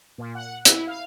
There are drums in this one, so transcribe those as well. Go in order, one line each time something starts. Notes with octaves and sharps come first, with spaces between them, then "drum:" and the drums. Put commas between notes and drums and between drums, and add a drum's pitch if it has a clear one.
A#2
F#5
E4, drum: hi-hat
F5